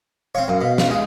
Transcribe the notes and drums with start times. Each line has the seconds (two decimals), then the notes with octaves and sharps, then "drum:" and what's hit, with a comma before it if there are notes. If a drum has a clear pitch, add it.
0.35 C4 C#5 F5
0.48 F#2
0.61 B2
0.78 drum: snare
0.90 G#3